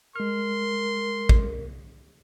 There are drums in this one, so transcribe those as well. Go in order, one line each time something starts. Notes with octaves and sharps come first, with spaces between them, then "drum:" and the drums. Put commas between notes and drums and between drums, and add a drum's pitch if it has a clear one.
G#3 A#4 C6 F6
drum: kick G#1